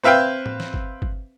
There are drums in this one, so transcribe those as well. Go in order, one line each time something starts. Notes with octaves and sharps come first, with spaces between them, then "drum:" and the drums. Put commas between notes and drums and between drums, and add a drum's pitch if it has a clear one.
C4 B4 E5 F5 G5
drum: tom A2
drum: snare
drum: kick G1
drum: kick G1